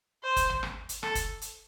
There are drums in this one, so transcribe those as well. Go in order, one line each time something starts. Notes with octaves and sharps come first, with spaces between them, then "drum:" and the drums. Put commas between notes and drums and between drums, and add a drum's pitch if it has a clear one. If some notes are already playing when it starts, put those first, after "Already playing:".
C5
drum: kick, hi-hat
drum: tom
drum: rim click
drum: hi-hat
A4, drum: rim click
drum: kick, hi-hat
drum: hi-hat